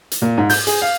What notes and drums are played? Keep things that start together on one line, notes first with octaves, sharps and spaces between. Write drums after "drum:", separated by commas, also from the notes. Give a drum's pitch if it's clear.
drum: hi-hat
A#2
G#2
G6, drum: open hi-hat
G#4, drum: hi-hat
F5